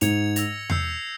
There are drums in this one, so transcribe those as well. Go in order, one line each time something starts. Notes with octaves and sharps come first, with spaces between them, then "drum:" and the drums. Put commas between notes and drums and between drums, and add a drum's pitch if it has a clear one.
G#2 G#6 C#7 F7, drum: hi-hat
E6 A#6 F7, drum: hi-hat
E6 G6 C7, drum: tom E2